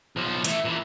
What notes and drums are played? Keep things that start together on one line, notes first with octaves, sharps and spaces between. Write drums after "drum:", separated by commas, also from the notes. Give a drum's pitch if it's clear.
B1 F3
E3 A3, drum: hi-hat
A#2 E3